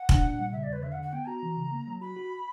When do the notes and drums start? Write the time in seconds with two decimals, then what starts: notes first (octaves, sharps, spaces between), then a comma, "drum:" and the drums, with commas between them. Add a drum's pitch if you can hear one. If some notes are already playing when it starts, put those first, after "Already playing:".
Already playing: F#5
0.09 D4, drum: kick
0.24 A#2
0.38 G3
0.52 C#3 E5
0.63 D5
0.68 E2
0.73 B4
0.83 D3 E5
0.92 F#5
0.97 D3
1.02 F#5
1.13 B3 G5
1.27 F#4 A#5
1.43 E3
1.57 C#3
1.72 A#3
1.87 F#3
2.01 F#4 B5
2.16 F#4